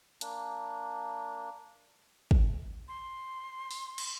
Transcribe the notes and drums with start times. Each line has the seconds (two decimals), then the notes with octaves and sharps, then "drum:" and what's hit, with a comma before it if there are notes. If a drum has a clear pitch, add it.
0.21 A#3 D4, drum: hi-hat
2.31 drum: kick
2.88 C6
3.71 drum: open hi-hat
3.98 drum: cymbal